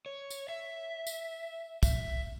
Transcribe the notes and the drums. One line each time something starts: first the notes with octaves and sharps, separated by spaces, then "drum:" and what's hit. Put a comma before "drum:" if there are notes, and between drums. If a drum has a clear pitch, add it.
C#5
drum: tambourine
E5
drum: tambourine
E5, drum: kick, tambourine